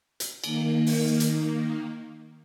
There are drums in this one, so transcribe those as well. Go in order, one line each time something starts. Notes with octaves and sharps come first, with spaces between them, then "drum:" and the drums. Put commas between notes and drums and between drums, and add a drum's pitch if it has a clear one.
drum: hi-hat
D#3 A#3, drum: cymbal
drum: open hi-hat
drum: hi-hat